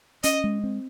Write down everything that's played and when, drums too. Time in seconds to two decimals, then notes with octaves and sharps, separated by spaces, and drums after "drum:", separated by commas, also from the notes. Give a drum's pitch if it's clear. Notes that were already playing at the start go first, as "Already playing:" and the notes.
0.23 C#4 D#5, drum: hi-hat
0.44 G#3
0.64 C4